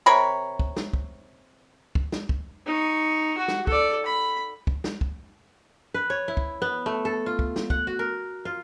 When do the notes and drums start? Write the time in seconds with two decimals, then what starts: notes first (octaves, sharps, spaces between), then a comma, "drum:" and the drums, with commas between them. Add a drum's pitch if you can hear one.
0.06 C3 A#4 C#5 B5
0.59 drum: kick
0.76 drum: snare
0.93 drum: kick
1.95 drum: kick
2.12 drum: snare
2.29 drum: kick
2.67 D#4 C#6
3.38 F#4
3.48 drum: snare
3.67 A4 D5, drum: kick
4.05 B5
4.67 drum: kick
4.84 drum: snare
5.01 drum: kick
5.94 B4
6.10 C#5
6.28 E4
6.37 drum: kick
6.62 B3
6.86 A3
7.05 A4
7.26 F4
7.39 drum: kick
7.56 drum: snare
7.70 F#5, drum: kick
7.87 F#4
7.99 A#4
8.45 F4